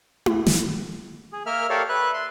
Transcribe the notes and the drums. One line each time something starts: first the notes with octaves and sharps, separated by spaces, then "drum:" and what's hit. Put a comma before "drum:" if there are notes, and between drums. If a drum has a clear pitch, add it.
drum: tom E4
drum: snare
G#4
A#3 A#4 E5 F6
G4 A4 A#4 C#5 D5 F5
B4 E5 F#6
C6